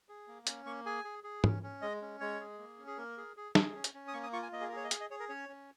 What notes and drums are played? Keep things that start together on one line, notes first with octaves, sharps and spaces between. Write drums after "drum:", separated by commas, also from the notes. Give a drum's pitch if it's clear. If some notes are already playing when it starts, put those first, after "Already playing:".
G#4
A#3
C#4, drum: hi-hat
A#3 C#6
G#4 G#5
G#4
G#4
C#4, drum: tom
C#4
G#3 D#5
C#4
G#3 C#5
G#4
A#3
C#4
G#4
A#3 A#4
G#4
G#4
G#4, drum: snare
C#4
drum: hi-hat
C#4
D#6
A#3 C#6
D#6
F4 C#6
G#5
A#3 D#5
G#4
A#4
G#4 C#5
D#5
G#4 F5, drum: hi-hat
D#5
G#4 C#5
A#4
C#4 C#5
C#4